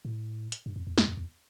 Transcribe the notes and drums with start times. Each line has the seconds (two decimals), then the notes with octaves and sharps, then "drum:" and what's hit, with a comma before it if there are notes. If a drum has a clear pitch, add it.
0.05 A2
0.52 drum: hi-hat
0.66 G2
0.76 F2
0.87 E2
0.98 F2, drum: snare
1.08 F2
1.17 E2